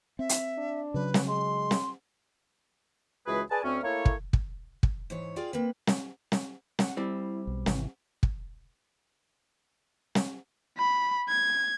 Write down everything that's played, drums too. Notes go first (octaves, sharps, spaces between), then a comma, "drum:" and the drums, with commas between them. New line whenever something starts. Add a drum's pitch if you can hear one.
C4 E5
drum: hi-hat
D4
C#3 F#3 B4
drum: snare
G#3 C6
drum: snare
C#2 E3 G#3 F#4 G#4 B4
G#4 B4 D5 G#5 A5
D2 C4 C#4
A3 A#3 E4 A4 C#5
drum: kick
drum: kick
drum: kick
G#2 E3 C#5
F4 G#4 D5 F5 G5
A#3 C4 B4
drum: snare
drum: snare
F#5, drum: snare
G3 C4 E4
B1
G#1 C3 E3, drum: snare
drum: kick
drum: snare
B5
G#6